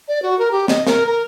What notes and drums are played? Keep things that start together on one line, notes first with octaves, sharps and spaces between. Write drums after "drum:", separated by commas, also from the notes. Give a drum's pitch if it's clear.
D5
F#4
A#4
G4
D#5, drum: snare
A#4, drum: snare
A#4